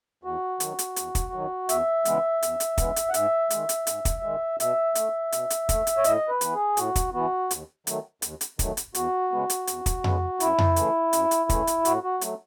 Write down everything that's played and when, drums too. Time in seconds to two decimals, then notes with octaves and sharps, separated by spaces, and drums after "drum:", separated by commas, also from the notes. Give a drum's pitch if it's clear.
0.24 E2 F#4
0.60 D#3 F#3, drum: hi-hat
0.79 drum: hi-hat
0.96 E2, drum: hi-hat
1.15 drum: kick, hi-hat
1.33 D#3 F#3
1.69 E2 E5, drum: hi-hat
2.05 C#3 E3 G#3 B3, drum: hi-hat
2.43 E2, drum: hi-hat
2.60 drum: hi-hat
2.78 C#3 E3 G#3 B3, drum: kick, hi-hat
2.96 drum: hi-hat
3.10 F#5
3.14 G#2 E5, drum: hi-hat
3.50 D#3 G#3, drum: hi-hat
3.69 drum: hi-hat
3.87 G#2, drum: hi-hat
4.05 drum: kick, hi-hat
4.23 D#3 G#3
4.60 B2 E5, drum: hi-hat
4.95 A3, drum: hi-hat
5.32 B2, drum: hi-hat
5.50 drum: hi-hat
5.69 A3, drum: kick, hi-hat
5.87 drum: hi-hat
5.97 C#5
6.04 A2 D#5, drum: hi-hat
6.29 B4
6.41 E3 B3, drum: hi-hat
6.54 G#4
6.77 A2 F#4, drum: hi-hat
6.96 drum: kick, hi-hat
7.14 E3 B3 F#4
7.51 D#2, drum: hi-hat
7.87 D#3 F#3 A3, drum: hi-hat
8.22 D#2, drum: hi-hat
8.41 drum: hi-hat
8.59 D#3 F#3 A3, drum: kick, hi-hat
8.77 drum: hi-hat
8.95 E2 F#4, drum: hi-hat
9.32 C#3 G#3 B3
9.50 drum: hi-hat
9.67 E2, drum: hi-hat
9.86 drum: kick, hi-hat
10.04 C#3 G#3 B3, drum: tom F2
10.40 F#2 E4, drum: hi-hat
10.58 drum: tom F2
10.76 C#3 E3 A3, drum: hi-hat
11.13 F#2, drum: hi-hat
11.31 drum: hi-hat
11.50 C#3 E3 A3, drum: kick, hi-hat
11.67 drum: hi-hat
11.85 A2 F#4, drum: hi-hat
12.03 F#4
12.21 F#3 A3, drum: hi-hat